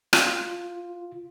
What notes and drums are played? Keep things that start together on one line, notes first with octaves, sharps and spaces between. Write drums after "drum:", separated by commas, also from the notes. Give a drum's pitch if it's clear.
F4, drum: rim click